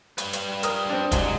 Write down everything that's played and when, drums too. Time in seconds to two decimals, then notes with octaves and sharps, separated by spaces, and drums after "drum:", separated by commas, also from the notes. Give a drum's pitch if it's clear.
0.18 G3 B4, drum: hi-hat
0.33 drum: hi-hat
0.63 A#4 D#6, drum: hi-hat
0.89 C4 D4
1.12 C2 F#3 G#3, drum: kick, hi-hat